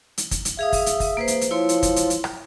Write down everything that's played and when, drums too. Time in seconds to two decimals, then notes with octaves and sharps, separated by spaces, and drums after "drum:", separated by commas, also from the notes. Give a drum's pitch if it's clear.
0.18 drum: hi-hat
0.31 drum: kick, hi-hat
0.45 drum: hi-hat
0.59 G#4 E5 F5 D#6
0.73 drum: kick, open hi-hat
0.86 drum: hi-hat
1.00 drum: kick, open hi-hat
1.17 A#3 B4 C5
1.28 drum: hi-hat
1.41 drum: hi-hat
1.51 F3 E4 C#5 C6
1.69 drum: hi-hat
1.83 drum: kick, hi-hat
1.96 drum: hi-hat
2.10 drum: hi-hat
2.24 drum: rim click